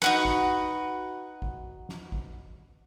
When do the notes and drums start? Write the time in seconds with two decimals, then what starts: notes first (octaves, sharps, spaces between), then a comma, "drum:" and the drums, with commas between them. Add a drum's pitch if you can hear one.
0.02 D#4 F#4 B4, drum: snare
0.25 drum: kick
1.42 drum: kick
1.89 drum: snare
2.12 drum: kick